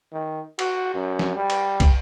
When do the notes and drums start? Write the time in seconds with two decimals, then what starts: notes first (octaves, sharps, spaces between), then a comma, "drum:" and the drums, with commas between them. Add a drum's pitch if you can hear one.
0.12 D#3
0.59 F#4, drum: cymbal
0.95 F#2
1.19 drum: snare
1.35 G3
1.50 drum: cymbal
1.80 drum: kick, cymbal